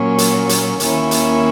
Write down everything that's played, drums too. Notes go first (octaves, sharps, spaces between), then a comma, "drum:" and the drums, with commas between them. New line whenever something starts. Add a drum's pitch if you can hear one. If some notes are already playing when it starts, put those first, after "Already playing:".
Already playing: A#2 F#3 A#3 C#4
drum: hi-hat
drum: hi-hat
D#2 D#3 A#3 C#4 E4, drum: hi-hat
drum: hi-hat